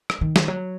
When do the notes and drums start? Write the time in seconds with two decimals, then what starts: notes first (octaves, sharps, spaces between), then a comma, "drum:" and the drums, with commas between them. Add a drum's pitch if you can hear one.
0.10 drum: rim click
0.21 D#3
0.36 drum: snare
0.48 F#3